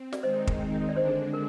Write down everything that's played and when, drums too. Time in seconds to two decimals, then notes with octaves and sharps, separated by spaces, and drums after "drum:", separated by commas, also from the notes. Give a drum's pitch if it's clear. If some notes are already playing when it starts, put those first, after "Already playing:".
Already playing: C4
0.13 D5, drum: snare
0.23 D#3 G#3 C4 D#4 C5 D#5
0.47 drum: kick
0.89 D5
0.96 D3 G#3 D4 C5
1.34 A#4